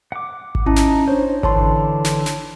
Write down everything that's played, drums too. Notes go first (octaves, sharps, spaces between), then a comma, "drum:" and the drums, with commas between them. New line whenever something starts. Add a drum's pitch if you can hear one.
F#5 D6
drum: kick G#1
C#4 D#4 E4 A5
drum: snare
D4 C5 C#5
D3 E3 C#5 A5 C6, drum: kick G#1
drum: snare
drum: snare